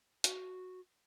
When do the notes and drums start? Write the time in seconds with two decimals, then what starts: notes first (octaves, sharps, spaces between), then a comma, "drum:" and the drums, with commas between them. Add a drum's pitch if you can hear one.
0.24 F#4, drum: hi-hat